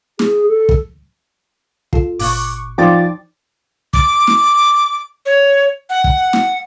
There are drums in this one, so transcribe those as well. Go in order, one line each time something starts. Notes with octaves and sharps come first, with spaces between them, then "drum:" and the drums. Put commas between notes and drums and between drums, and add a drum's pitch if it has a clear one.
G#4, drum: snare
A4
drum: kick
F4 A4, drum: kick
G1 A#2 C#6 D6 F#6, drum: open hi-hat
F3 D#4 D5 G5 D6 A6
D6, drum: kick
drum: snare
C#5
F#5
drum: kick
drum: snare